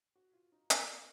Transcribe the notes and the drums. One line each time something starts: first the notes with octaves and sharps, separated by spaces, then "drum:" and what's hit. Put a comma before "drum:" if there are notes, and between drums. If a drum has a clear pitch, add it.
F#4
F4
D#4
B3, drum: hi-hat
A#3